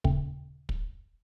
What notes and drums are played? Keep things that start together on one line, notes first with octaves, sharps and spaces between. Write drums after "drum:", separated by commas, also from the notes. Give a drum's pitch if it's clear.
D#2 A#2 C#3, drum: kick
drum: kick